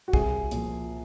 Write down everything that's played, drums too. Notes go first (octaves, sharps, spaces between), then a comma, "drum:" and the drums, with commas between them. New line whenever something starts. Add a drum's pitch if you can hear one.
F#4
C2 G#4, drum: kick
A#2 F3, drum: hi-hat